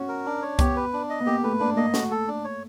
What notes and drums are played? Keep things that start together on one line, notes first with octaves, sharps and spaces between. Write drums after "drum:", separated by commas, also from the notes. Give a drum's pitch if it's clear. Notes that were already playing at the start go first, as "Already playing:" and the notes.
Already playing: C#4 F#4
A#4
D4
C#5
B3 G4, drum: kick C2, hi-hat
B4
D4
D#5
B3
A#3 G4
A3 B4
A#3 D4
A#3 D#5
A3 F#4, drum: snare
A4
D4
C#5